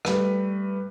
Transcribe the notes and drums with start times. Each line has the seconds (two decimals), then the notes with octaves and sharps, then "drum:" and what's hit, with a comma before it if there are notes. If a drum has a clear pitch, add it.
0.05 G3 A3 B4, drum: rim click